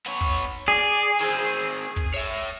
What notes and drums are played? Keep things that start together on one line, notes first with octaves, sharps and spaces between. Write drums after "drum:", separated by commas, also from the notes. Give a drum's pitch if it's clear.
B3 C#5
drum: kick
G#4 D5
D#3 C4
drum: kick
C#5 E5